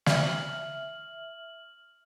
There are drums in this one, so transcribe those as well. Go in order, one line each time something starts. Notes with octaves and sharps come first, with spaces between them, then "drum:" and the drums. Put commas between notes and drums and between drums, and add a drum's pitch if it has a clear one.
E5 F6 F#7, drum: snare